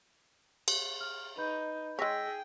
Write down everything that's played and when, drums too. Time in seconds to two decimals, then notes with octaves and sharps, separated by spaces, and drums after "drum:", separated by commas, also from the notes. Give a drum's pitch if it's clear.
0.68 drum: cymbal
1.01 F6
1.37 D#4 B4 B5 G6
1.99 G#3 G#4 C#5 G5 E6 A#6 B6